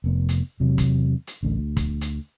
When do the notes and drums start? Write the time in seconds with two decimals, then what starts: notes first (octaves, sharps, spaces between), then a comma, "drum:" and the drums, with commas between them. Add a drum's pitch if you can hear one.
0.04 F1 B3
0.29 drum: hi-hat
0.60 E2 C3 F#3
0.78 drum: kick, hi-hat
1.27 drum: hi-hat
1.43 A1 D2 D3
1.58 D2
1.77 drum: kick, hi-hat
2.01 drum: hi-hat